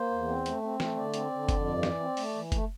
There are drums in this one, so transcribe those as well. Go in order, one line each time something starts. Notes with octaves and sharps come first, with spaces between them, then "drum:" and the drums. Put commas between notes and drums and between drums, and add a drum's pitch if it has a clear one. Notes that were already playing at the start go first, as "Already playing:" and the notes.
Already playing: A#3 C5
E2
C4
A3, drum: hi-hat
C4
A3, drum: snare
D3 D5
C4, drum: hi-hat
D3
F2, drum: kick F#1, hi-hat
G2
E3, drum: snare
C4
A3, drum: open hi-hat
E3
A3, drum: kick F#1, hi-hat